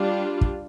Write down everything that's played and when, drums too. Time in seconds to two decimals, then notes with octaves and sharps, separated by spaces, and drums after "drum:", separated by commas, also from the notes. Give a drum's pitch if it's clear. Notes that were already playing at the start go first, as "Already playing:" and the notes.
Already playing: G3 D4 F4
0.41 drum: kick